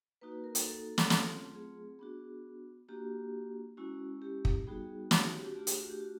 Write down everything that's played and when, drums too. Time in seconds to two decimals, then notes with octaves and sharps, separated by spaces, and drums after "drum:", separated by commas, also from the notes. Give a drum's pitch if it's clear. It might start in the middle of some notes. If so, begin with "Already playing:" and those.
0.21 A#3 D#4 F#4 B4
0.32 B4
0.44 A#4
0.55 A4, drum: hi-hat
0.66 A4
0.98 drum: snare
1.10 F#3 A3 C4 F4, drum: snare
1.55 G#4
1.99 B3 D4 F#4
2.88 A#3 D4 F#4 G4
3.77 G#3 C#4 E4 F#4
4.22 G4
4.45 drum: kick
4.67 G3 B3 D#4 F#4 G#4
5.11 G#4, drum: snare
5.22 F#4
5.34 G4
5.45 F#4
5.55 A3 D4 F4 G4
5.67 G#4, drum: hi-hat
5.78 F#4
5.90 G4
6.00 F#4